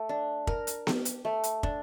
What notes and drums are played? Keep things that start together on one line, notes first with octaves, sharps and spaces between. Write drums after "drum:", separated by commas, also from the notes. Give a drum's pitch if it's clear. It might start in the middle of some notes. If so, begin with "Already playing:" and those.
Already playing: A3
D4
A#4, drum: kick
drum: hi-hat
G4, drum: snare B3
drum: hi-hat
A3
drum: hi-hat
D4, drum: kick